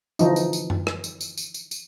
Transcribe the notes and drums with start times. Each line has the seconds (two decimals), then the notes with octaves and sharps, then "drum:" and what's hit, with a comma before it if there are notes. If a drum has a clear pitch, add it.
0.19 D3 E3 F3 D#4, drum: tambourine
0.36 drum: tambourine
0.53 drum: tambourine
0.70 drum: tom F#2
0.87 drum: rim click
1.04 drum: tambourine
1.21 drum: tambourine
1.37 drum: tambourine
1.54 drum: tambourine
1.71 drum: tambourine